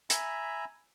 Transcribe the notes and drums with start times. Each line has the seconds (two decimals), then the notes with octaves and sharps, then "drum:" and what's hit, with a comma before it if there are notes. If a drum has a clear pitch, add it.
0.10 E5 G#5 A#5 B5, drum: hi-hat